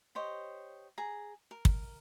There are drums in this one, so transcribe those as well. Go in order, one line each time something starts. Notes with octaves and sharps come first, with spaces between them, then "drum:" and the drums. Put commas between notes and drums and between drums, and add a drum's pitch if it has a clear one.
G4 C5 C#5 D#5
G#4 A#5
A#4
drum: kick